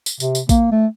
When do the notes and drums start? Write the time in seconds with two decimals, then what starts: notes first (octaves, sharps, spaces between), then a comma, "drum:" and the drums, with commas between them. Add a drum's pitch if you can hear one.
0.06 drum: tambourine
0.20 C3, drum: tambourine
0.35 drum: tambourine
0.49 A#3, drum: kick A1, tambourine
0.72 A3